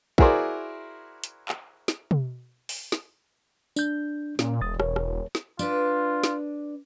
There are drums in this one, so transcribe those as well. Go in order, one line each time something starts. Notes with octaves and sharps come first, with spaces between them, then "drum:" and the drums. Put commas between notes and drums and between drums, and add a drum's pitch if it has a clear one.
E4 F#4 G#4 A#4 C5 D5, drum: kick
drum: hi-hat
drum: clap
drum: snare
drum: tom
drum: open hi-hat
drum: snare
D4 G6, drum: tambourine
A#2 C#4, drum: snare
E1 E2 D#6 A6
E1 A#4 C#5, drum: rim click
drum: rim click
drum: snare
D4 F4 B4, drum: tambourine
drum: snare